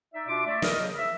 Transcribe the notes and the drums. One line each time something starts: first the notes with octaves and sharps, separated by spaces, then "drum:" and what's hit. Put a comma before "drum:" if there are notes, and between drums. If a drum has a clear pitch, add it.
D#4 D5 E5
B2 D4 F4 E5 D6
A3 D5 E5
A#4 D#5, drum: snare
C#3 F3 F#3
E5